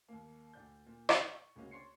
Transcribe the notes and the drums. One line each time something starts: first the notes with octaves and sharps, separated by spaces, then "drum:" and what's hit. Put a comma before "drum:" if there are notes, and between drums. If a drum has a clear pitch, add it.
D#2 A#3
D2 D5 G6
A#2
drum: rim click
C#6
C#2 A#3 C#4 F#4
D4 C#5 C6 C7 C#7